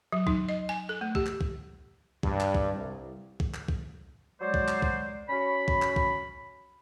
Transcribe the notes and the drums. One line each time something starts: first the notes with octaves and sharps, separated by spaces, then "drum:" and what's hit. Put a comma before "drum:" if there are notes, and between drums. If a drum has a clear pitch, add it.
F#3
D#4, drum: kick
D#5
G#5
A4
A3
G4, drum: kick
drum: clap
drum: kick
G2, drum: kick
drum: clap
drum: kick
C2
drum: kick
drum: clap
drum: kick
F#3 G#3 C5 D5
drum: kick
drum: clap
drum: kick
C#4 F#4 B5
drum: kick
drum: clap
drum: kick